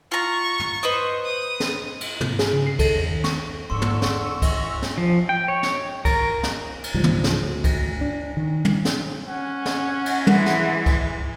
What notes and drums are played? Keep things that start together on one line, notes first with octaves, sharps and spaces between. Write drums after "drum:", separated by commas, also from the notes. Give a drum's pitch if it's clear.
F4 A#5 C#6
drum: tom
B4 C5 D#5
D#6
drum: snare
drum: cymbal
C3, drum: tom
G#4, drum: snare
C#3
C7
A4, drum: kick C2, cymbal
E2
D#3
C#6, drum: snare
E2 G#2 D3 C6 C#6 E6
drum: tom
drum: snare
drum: kick C2, cymbal
drum: snare
F3
G5
C#5
drum: snare
A#4, drum: kick C2, cymbal
drum: snare
drum: cymbal
C#2 G#2 F3 G3
drum: tom
drum: snare
D2
drum: kick C2, cymbal
D4
D#3
drum: tom
drum: snare
C#4 F#5
drum: snare
drum: cymbal
E3 G#3, drum: tom
drum: snare
drum: kick C2, cymbal